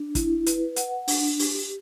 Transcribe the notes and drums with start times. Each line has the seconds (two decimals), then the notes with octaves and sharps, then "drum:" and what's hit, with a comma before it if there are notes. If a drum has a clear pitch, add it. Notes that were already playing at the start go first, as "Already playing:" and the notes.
Already playing: D4
0.15 E4, drum: kick, hi-hat
0.46 B4, drum: hi-hat
0.76 F#5, drum: hi-hat
1.08 D4, drum: open hi-hat
1.39 G4, drum: open hi-hat